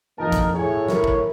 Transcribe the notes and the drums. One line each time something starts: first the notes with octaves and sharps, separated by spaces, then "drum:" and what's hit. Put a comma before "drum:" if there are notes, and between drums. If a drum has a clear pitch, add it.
F2 F3 A#3 D#4 A#4 A5
drum: kick, hi-hat
A2 G#4 C#5
E4 A#4, drum: snare
drum: kick